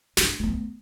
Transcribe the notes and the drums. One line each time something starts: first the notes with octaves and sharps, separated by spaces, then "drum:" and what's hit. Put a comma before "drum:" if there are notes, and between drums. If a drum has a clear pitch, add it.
D4, drum: snare
A3
B3